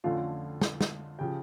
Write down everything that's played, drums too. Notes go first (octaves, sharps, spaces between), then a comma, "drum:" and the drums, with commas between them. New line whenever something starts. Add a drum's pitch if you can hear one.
F2 D3 F3 A3 C#4 F4 F5
drum: snare
drum: snare
C#3 F3 G4 G5